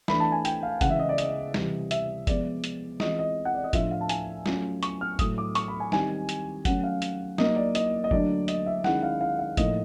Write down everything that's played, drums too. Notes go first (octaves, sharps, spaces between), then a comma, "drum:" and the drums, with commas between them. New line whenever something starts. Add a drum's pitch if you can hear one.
E3 A3 D4 B5, drum: snare
A5
G#5
G5, drum: hi-hat
F5
C#3 E3 G#3 F#5, drum: kick F#1, hi-hat
E5
D#5
D5
D#5, drum: hi-hat
C3 E3 G3, drum: snare
E5, drum: hi-hat
F3 G#3 B3 D5, drum: kick F#1, hi-hat
drum: hi-hat
E3 G#3 C4 F4 D#5, drum: snare
D#5
F#5
D5
D#5
A2 F3 A3 D4 F4 E5, drum: kick F#1, hi-hat
F5
A5
G#5, drum: hi-hat
F#3 A3 C#4 F4, drum: snare
C#6, drum: hi-hat
F6
A2 F#3 A3 D#6, drum: kick F#1, hi-hat
D6
C#6, drum: hi-hat
B5
G#5
D#3 G3 C4 D#4 G#5, drum: snare
drum: hi-hat
F#3 A3 C#4 F#5, drum: kick F#1, hi-hat
F5
drum: hi-hat
F#3 A#3 D#4 D#5, drum: snare
D5
D#5, drum: hi-hat
D#5
D3 F#3 A3 D4 D5, drum: kick F#1
D#5, drum: hi-hat
E5
D#3 G#3 C#4 E4 F#5, drum: snare
F5
F5
F5
A2 F3 A#3 D#4 D#5, drum: kick F#1, hi-hat